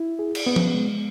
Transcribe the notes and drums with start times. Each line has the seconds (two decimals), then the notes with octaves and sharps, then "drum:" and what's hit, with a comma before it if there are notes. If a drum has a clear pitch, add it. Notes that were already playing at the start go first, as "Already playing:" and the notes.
Already playing: E4
0.19 G#4
0.35 drum: cymbal
0.46 B3
0.56 drum: tom F3
0.74 G#3